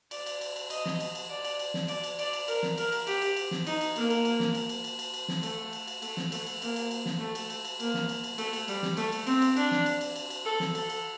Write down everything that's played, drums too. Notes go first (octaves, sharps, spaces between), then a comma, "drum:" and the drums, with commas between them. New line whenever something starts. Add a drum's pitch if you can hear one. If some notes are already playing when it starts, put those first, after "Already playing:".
D5, drum: cymbal
drum: cymbal
drum: cymbal
drum: cymbal
D#5, drum: cymbal
drum: snare
drum: cymbal
drum: cymbal
D5
drum: cymbal
drum: cymbal
drum: snare
D5, drum: cymbal
drum: cymbal
D5, drum: cymbal
drum: cymbal
A#4, drum: cymbal
drum: snare
A#4, drum: cymbal
drum: cymbal
G4, drum: cymbal
drum: cymbal
drum: cymbal
drum: snare
D#4, drum: cymbal
drum: cymbal
A#3, drum: cymbal
drum: cymbal
drum: cymbal
drum: snare
drum: cymbal
drum: cymbal
drum: cymbal
drum: cymbal
drum: cymbal
drum: snare
A3, drum: cymbal
drum: cymbal
drum: cymbal
A3, drum: cymbal
drum: snare
A3, drum: cymbal
drum: cymbal
A#3, drum: cymbal
drum: cymbal
drum: cymbal
drum: snare
A3
drum: cymbal
drum: cymbal
drum: cymbal
A#3, drum: cymbal
drum: snare
drum: cymbal
drum: cymbal
A3, drum: cymbal
drum: cymbal
G3, drum: cymbal
drum: snare
A3, drum: cymbal
drum: cymbal
C4, drum: cymbal
drum: cymbal
D4, drum: cymbal
drum: snare
drum: cymbal
drum: cymbal
drum: cymbal
drum: cymbal
A4
drum: snare
A4, drum: cymbal
drum: cymbal